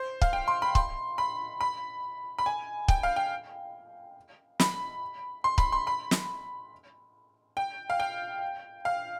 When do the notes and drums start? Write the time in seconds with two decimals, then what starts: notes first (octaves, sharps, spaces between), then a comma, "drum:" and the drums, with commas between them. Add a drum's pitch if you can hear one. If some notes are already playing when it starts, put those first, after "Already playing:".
Already playing: C5
0.22 F5, drum: kick
0.33 G5
0.48 C6
0.62 B5
0.75 C6, drum: kick
1.18 B5
1.61 B5
2.39 B5
2.46 G#5
2.88 G5, drum: kick
3.03 F5
3.16 G5
4.60 B5, drum: snare
5.44 C6
5.58 B5, drum: kick
5.72 C6
5.87 B5
6.11 drum: snare
7.57 G5
7.90 F5
8.00 G5
8.85 F5